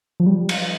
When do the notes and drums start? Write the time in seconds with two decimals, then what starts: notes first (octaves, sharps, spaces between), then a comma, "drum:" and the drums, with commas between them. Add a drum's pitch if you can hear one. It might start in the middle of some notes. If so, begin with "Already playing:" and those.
0.20 F3
0.26 G3
0.49 drum: cymbal